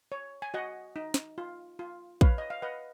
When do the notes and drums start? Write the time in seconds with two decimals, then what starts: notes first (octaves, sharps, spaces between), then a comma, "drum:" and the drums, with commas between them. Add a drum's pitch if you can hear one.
0.12 C#5
0.42 G#5
0.54 F#4 D#5 F#5
0.96 D#4
1.14 drum: snare
1.38 F4
1.79 F4
2.21 B4 C#5 F5, drum: kick A#1
2.38 D#5
2.50 F5
2.62 B4 D#5 F#5